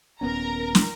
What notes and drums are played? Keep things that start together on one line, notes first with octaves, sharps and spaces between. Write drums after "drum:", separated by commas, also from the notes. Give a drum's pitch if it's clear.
D#1 B3 C#4 A#4 A#5
drum: snare